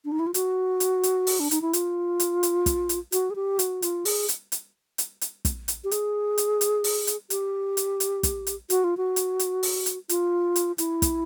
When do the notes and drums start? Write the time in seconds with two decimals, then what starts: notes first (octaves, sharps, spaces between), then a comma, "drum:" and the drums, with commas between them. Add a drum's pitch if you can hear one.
0.05 D4
0.12 D#4
0.19 E4
0.27 F4
0.34 F#4, drum: hi-hat
0.80 drum: hi-hat
1.03 drum: hi-hat
1.27 drum: open hi-hat
1.40 D4
1.51 D#4, drum: hi-hat
1.62 E4
1.73 F4, drum: hi-hat
2.20 drum: hi-hat
2.43 drum: hi-hat
2.66 drum: kick, hi-hat
2.89 drum: hi-hat
3.12 F#4, drum: hi-hat
3.30 G#4
3.36 G4
3.59 F#4, drum: hi-hat
3.82 F4, drum: hi-hat
4.05 G#4, drum: open hi-hat
4.29 drum: hi-hat
4.52 drum: hi-hat
4.98 drum: hi-hat
5.21 drum: hi-hat
5.45 drum: kick, hi-hat
5.68 drum: hi-hat
5.84 G4
5.91 G#4, drum: hi-hat
6.38 drum: hi-hat
6.61 drum: hi-hat
6.84 drum: open hi-hat
7.07 drum: hi-hat
7.30 G4, drum: hi-hat
7.77 drum: hi-hat
8.00 drum: hi-hat
8.23 drum: kick, hi-hat
8.47 drum: hi-hat
8.70 F#4, drum: hi-hat
8.84 F4
8.97 F#4
9.16 drum: hi-hat
9.39 drum: hi-hat
9.63 drum: open hi-hat
9.86 drum: hi-hat
10.09 F4, drum: hi-hat
10.56 drum: hi-hat
10.78 E4, drum: hi-hat
11.02 drum: kick, hi-hat